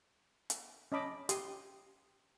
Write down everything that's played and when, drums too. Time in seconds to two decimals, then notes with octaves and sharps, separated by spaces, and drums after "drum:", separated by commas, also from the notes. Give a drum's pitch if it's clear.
0.50 drum: hi-hat
0.92 C#4 D#5 A5 B5 D6
1.29 G4 C6 D#6, drum: hi-hat